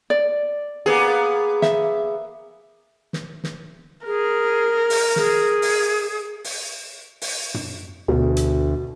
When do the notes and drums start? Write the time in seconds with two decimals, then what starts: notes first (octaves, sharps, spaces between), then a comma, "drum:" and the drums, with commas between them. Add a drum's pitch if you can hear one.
0.10 D5
0.86 A#3 B3 G#4
1.62 E5, drum: snare
3.13 drum: snare
3.44 drum: snare
4.06 G#4 A#4
4.90 drum: open hi-hat
5.16 G#4, drum: snare
5.62 drum: open hi-hat
6.44 drum: open hi-hat
7.22 drum: open hi-hat
7.54 drum: tom
8.08 D2 B2
8.37 drum: hi-hat